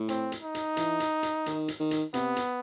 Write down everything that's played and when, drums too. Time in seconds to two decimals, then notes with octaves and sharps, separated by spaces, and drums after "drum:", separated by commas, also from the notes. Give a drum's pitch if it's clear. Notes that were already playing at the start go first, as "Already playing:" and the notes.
Already playing: A2
0.09 C4, drum: hi-hat
0.32 drum: hi-hat
0.43 D#4
0.55 drum: hi-hat
0.77 E3, drum: hi-hat
1.00 drum: hi-hat
1.23 drum: hi-hat
1.46 D#3, drum: hi-hat
1.68 drum: hi-hat
1.80 D#3
1.91 drum: hi-hat
2.14 C3 B3, drum: hi-hat
2.36 drum: hi-hat